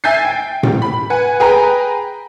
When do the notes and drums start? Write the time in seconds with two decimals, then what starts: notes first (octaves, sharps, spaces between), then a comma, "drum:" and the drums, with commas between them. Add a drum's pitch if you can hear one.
0.04 E5 G#5 G6 A6 C7
0.25 G5
0.63 drum: tom A2
0.82 B5
1.10 B4 F#5 G#5
1.40 G#4 B4 G5 A#5